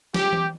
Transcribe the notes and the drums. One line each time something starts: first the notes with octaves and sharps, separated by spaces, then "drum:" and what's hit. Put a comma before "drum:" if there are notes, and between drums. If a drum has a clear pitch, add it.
G4, drum: snare
drum: tom E3